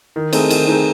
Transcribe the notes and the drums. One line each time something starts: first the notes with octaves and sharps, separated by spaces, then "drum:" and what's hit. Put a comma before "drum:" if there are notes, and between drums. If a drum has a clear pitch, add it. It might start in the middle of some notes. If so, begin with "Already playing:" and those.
D#3
A3 C4 D#4 G#4, drum: cymbal
D#3, drum: cymbal
A3 C4 D#4 G#4